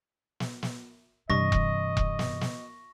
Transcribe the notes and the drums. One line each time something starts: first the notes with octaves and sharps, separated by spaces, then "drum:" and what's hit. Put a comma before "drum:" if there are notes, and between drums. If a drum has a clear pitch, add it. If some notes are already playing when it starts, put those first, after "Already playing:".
drum: snare
drum: snare
G2 C3 E3 D#5 C#6 A#6
drum: kick E1
drum: kick E1
drum: snare
drum: snare